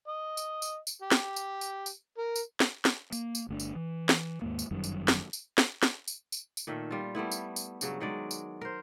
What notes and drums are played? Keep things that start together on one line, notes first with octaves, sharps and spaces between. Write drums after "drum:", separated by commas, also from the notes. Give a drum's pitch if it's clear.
D#5
drum: tambourine
drum: tambourine
drum: tambourine
G4
drum: snare
drum: tambourine
drum: tambourine
drum: tambourine
A#4
drum: tambourine
drum: snare
drum: snare
A#3, drum: tambourine
drum: tambourine
G1 A3 C4 D4
drum: tambourine
E3
drum: snare
D#2 G#2 A#3
drum: tambourine
G1 F#2 D#3 G3
drum: tambourine
drum: snare
drum: tambourine
drum: snare
drum: snare
drum: tambourine
drum: tambourine
drum: tambourine
A#2 D#3 A3 E5
G3 F4
G3 A3 B3 E4
drum: tambourine
drum: tambourine
G2 C#3 F#3, drum: tambourine
D#3 F#3 G#3 D5
drum: tambourine
A#4 C5